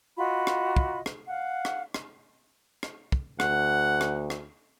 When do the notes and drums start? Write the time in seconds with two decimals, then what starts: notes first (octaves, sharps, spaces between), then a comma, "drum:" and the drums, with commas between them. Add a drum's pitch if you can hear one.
0.18 F4 F#4 D#5 B5
0.47 drum: rim click
0.77 drum: kick
1.06 drum: rim click
1.27 F5 F#5
1.65 drum: rim click
1.94 drum: rim click
2.83 drum: rim click
3.12 drum: kick
3.40 D2 F#5, drum: rim click
4.01 drum: rim click
4.30 drum: rim click